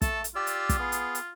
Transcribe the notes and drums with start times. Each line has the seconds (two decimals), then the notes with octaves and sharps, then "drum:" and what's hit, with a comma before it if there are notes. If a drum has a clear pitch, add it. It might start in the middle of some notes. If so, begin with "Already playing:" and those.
0.02 A3 A4, drum: kick, hi-hat
0.24 drum: hi-hat
0.36 F4 G4 D5 E6
0.47 drum: hi-hat
0.69 drum: kick, hi-hat
0.79 B3 G#4
0.92 drum: hi-hat
1.15 drum: hi-hat